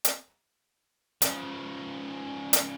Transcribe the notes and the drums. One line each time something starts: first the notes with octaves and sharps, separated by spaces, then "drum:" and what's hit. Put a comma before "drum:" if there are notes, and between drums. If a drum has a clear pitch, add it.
drum: hi-hat
C#3 F3, drum: hi-hat
drum: hi-hat